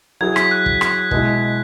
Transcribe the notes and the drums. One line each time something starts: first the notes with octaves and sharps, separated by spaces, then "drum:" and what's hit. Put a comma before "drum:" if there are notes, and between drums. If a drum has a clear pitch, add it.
F#3 E4 G#4 G#6
B6, drum: rim click
F#6
drum: kick
drum: rim click
B2 G#3 E4, drum: kick